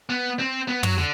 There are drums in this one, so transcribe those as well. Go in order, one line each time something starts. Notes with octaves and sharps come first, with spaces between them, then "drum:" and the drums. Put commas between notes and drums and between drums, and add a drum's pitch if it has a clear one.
B3
C4
B3
F#3, drum: tom
D3